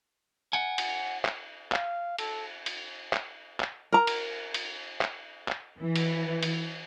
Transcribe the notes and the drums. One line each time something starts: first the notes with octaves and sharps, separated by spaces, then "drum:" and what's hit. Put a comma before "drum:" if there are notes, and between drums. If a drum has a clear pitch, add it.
F#5 G#5
drum: cymbal
drum: clap
F5, drum: clap
A4, drum: cymbal
drum: cymbal
drum: clap
drum: clap
A#4 A#5
drum: cymbal
drum: cymbal
drum: clap
drum: clap
E3
drum: cymbal
drum: cymbal